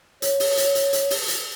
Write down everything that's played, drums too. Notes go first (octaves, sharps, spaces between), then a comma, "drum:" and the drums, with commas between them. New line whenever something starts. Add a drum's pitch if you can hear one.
C#5, drum: hi-hat
drum: open hi-hat
drum: hi-hat
drum: hi-hat
drum: hi-hat
drum: open hi-hat
drum: hi-hat